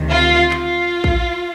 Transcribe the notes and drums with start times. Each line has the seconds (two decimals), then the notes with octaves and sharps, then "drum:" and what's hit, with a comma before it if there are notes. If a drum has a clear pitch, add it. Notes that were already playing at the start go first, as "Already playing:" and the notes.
Already playing: D2 C3 D#3
0.10 F4
0.51 F4, drum: clap
1.04 drum: kick